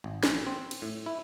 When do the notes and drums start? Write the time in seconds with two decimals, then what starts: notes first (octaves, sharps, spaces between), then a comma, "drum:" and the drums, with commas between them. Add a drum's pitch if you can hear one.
0.04 G#1
0.23 A#1, drum: snare
0.46 C4
0.71 drum: cymbal
0.82 A2
1.06 E4